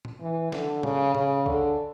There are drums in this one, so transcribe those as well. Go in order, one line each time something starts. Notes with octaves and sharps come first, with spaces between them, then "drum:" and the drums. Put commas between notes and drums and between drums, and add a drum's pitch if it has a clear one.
drum: tom A2
E3
D3, drum: snare
C#3, drum: tom
C#3, drum: tom A2
D3, drum: kick C2